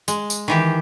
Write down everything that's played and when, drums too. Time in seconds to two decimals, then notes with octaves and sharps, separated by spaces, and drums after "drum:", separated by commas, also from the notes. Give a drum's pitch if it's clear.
0.08 G#3, drum: tambourine
0.30 drum: tambourine
0.48 D#3 E3 G4